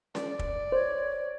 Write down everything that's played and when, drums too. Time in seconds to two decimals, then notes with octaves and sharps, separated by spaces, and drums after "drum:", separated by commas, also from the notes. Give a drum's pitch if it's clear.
0.15 D5, drum: snare C#4
0.39 drum: kick
0.72 C5 C#5